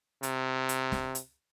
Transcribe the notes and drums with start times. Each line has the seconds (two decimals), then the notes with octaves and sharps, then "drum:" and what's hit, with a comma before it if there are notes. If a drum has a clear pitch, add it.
0.23 C3, drum: hi-hat
0.69 drum: hi-hat
0.92 drum: snare
1.15 drum: hi-hat